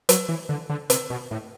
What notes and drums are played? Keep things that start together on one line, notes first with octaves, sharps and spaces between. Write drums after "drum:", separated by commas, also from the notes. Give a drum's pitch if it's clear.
F#3, drum: hi-hat
E3
D3
D3
C3, drum: hi-hat
B2
A2